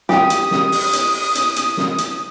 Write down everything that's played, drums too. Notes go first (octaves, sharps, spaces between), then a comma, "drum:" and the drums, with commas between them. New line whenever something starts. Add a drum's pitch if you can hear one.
G4 D#6, drum: snare
drum: hi-hat
drum: snare
drum: open hi-hat
drum: hi-hat
drum: open hi-hat
drum: hi-hat
drum: hi-hat
drum: snare
drum: hi-hat